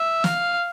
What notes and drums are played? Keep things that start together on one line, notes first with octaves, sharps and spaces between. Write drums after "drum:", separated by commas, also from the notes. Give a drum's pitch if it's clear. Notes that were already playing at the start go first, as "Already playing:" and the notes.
Already playing: E5
F5, drum: snare